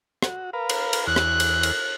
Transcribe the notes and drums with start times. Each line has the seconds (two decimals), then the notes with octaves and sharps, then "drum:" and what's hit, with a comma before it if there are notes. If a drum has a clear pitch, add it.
0.23 F#4, drum: rim click
0.53 A#4 B4 F5
0.69 drum: cymbal
0.93 drum: cymbal
1.07 E2 F#6
1.16 drum: rim click
1.40 drum: cymbal
1.63 drum: cymbal